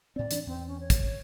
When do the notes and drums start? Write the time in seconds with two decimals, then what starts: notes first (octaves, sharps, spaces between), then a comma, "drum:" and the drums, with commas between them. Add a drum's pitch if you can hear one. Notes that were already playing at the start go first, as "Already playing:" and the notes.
0.16 A2 C4 D5
0.31 E3 C#4 D4, drum: hi-hat
0.47 E2 C4
0.67 C#4
0.80 C#5
0.90 drum: kick, hi-hat